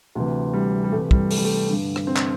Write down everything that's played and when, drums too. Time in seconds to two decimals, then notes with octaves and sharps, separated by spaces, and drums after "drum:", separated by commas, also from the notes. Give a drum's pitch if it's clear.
0.15 D2 C3 E3
0.53 G3
0.84 G3
0.92 C2 C3 E3 A3
1.11 G3, drum: kick
1.31 A3, drum: open hi-hat
1.38 G3
1.44 A3
1.69 G2 D3
1.96 drum: rim click
2.07 C4
2.16 drum: clap